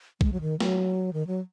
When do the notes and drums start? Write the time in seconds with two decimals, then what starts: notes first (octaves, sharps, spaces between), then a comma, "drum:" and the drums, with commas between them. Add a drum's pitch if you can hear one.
0.21 G#3, drum: kick
0.32 F#3
0.41 D#3
0.60 F#3, drum: snare
1.13 D#3
1.27 F#3